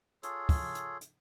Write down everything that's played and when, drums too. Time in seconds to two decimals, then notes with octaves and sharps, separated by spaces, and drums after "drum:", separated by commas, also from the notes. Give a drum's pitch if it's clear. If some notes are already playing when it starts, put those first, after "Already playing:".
0.23 F4 G#4 A4 C#5, drum: hi-hat
0.49 drum: kick, open hi-hat
0.75 drum: hi-hat
1.01 drum: hi-hat